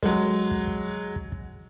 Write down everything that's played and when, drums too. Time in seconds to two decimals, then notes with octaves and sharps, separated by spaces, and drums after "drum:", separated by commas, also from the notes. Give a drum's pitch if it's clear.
0.03 F#3 G#3, drum: kick
0.51 drum: kick
0.67 drum: kick
1.16 drum: kick
1.32 drum: kick